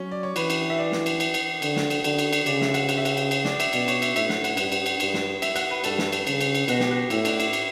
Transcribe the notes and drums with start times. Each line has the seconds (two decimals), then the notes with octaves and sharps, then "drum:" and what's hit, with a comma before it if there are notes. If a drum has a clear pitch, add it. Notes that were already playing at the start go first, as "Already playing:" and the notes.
Already playing: F#3 C#4
0.11 D5
0.23 C#5
0.36 E3 B4, drum: cymbal
0.50 drum: cymbal
0.70 E5
0.78 D5
0.92 drum: snare
1.06 drum: cymbal
1.20 drum: cymbal
1.34 drum: cymbal
1.62 D3, drum: cymbal
1.76 drum: snare
1.90 drum: cymbal
2.04 D3, drum: cymbal
2.19 drum: cymbal
2.33 drum: cymbal
2.46 C#3 D5, drum: cymbal
2.61 E5, drum: snare
2.74 F#5, drum: cymbal
2.89 F#5, drum: cymbal
2.97 E5
3.05 F#5, drum: cymbal
3.17 drum: cymbal
3.31 drum: cymbal
3.45 D5, drum: snare
3.60 E5, drum: cymbal
3.73 B2 D5, drum: cymbal
3.88 C#5, drum: cymbal
4.02 E5, drum: cymbal
4.16 A2 E5, drum: cymbal
4.29 F#5, drum: snare
4.44 F#5, drum: cymbal
4.57 G2 F#5, drum: cymbal
4.72 drum: cymbal
4.86 drum: cymbal
5.00 G2, drum: cymbal
5.14 drum: snare
5.42 E5, drum: cymbal
5.56 F#5, drum: cymbal
5.71 B4
5.84 G2 A4, drum: cymbal
5.98 drum: snare
6.12 drum: cymbal
6.27 C#3, drum: cymbal
6.41 drum: cymbal
6.55 drum: cymbal
6.68 B2 F#4, drum: cymbal
6.80 G4, drum: snare
6.91 F#4
7.10 A2 E4, drum: cymbal
7.25 D4, drum: cymbal
7.40 E4, drum: cymbal
7.53 drum: cymbal